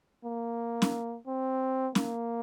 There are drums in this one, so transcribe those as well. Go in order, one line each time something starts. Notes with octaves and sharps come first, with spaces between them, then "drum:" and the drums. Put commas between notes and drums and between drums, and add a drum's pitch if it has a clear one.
A#3
drum: snare C#4
C4
A#3, drum: snare C#4